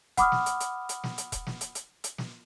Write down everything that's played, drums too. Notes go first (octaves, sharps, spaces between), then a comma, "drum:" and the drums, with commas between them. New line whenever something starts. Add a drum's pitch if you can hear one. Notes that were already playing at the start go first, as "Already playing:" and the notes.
F#5 B5 D6 D#6 F6, drum: kick E1, hi-hat
drum: snare
drum: hi-hat
drum: hi-hat
drum: hi-hat
drum: snare
drum: hi-hat
drum: kick E1, hi-hat
drum: snare
drum: hi-hat
drum: hi-hat
drum: hi-hat
drum: snare